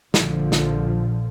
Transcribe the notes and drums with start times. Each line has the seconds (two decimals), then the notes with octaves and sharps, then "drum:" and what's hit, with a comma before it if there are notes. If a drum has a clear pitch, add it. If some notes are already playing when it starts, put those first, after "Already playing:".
0.14 A#1 A#2 D3 F3, drum: snare
0.52 drum: snare